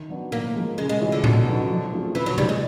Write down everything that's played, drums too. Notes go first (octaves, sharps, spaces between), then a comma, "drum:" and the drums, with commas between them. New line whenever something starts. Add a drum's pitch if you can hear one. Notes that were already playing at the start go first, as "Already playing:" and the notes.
Already playing: D#3
F#3 B3 D4
A2 A#3
F3 G#3
C#3 G#3
G#3
E3 G#3 C#4 F4
D3
B2, drum: tom A2
F#3 B3 D#4
F3
A3 C4 F4 G#4
D3 E3
F#3
F3 G3 A#3 D#4 G#4, drum: tom C3
G#3